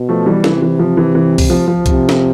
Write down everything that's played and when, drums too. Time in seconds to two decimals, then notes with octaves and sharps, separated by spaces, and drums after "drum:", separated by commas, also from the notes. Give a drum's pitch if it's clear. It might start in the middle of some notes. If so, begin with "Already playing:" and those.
Already playing: B2
0.09 F3 A3
0.26 E3 G3
0.44 C3 E3, drum: snare
0.62 E3
0.79 F3
0.97 E3
1.15 E3
1.38 drum: kick, open hi-hat
1.50 F3
1.68 F3
1.86 C3, drum: kick, hi-hat
2.09 drum: snare